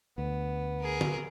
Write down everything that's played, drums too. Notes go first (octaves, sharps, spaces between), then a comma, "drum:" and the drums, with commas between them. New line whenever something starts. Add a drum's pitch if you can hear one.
D2 B3
G#4 A#4
drum: tom D3